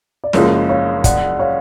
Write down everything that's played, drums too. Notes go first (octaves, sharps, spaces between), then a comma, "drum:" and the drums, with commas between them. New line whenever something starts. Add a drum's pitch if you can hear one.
D5
F#1 F#2 C#3 F3 G#3 C#5 F5, drum: snare
C#5 F5
D5 F#5, drum: kick, hi-hat
C#5 F5